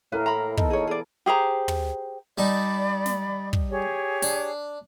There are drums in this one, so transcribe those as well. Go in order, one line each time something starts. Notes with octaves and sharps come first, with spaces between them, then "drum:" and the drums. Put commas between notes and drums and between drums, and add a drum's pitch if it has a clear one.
A2 E4 A#4 B4 F5
A#5 B5
E3 B3 D#4 A4, drum: kick
G#4 C#5
G#4 D5
G4 G#4 C5 A#5
drum: tom
G3 D#4 D5 A5 B5
drum: snare
drum: kick
G4 G#4 C#5
D4, drum: open hi-hat